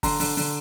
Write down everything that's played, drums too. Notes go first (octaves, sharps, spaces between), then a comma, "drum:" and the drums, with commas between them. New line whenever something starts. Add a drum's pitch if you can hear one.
D3 A#5 C6, drum: kick, open hi-hat
D3, drum: open hi-hat
D3, drum: open hi-hat